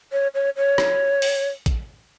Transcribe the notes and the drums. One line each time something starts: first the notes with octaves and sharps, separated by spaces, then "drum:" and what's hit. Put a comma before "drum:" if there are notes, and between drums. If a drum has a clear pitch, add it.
C#5
C#5
C#5
drum: rim click
drum: open hi-hat
drum: kick A#1, hi-hat